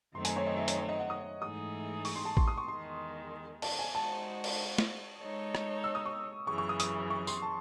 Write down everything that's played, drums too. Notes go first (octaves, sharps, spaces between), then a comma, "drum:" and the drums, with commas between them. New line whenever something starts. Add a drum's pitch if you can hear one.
F#2 D#3 A3 C4 D#4 C6
G#5, drum: hi-hat
C#5
D#5
E5
C#5, drum: hi-hat
C#5
D#5
F#5
D#6
G#2 E3 A3 D#4 G#4 D#6
C#6, drum: open hi-hat
C6
A5
C6, drum: kick A1
D#6
C#6
E2 D#3 G#3 C6
A5, drum: cymbal
G#5
G#3 D#4 F#4 C5 A5
drum: cymbal
drum: snare
G#3 D#4 A4 C#5
drum: rim click
E6
D#6
C#6
F#2 C#3 E3 C#6
C#6
D#6
D#6, drum: hi-hat
C#6
C6, drum: tambourine
A5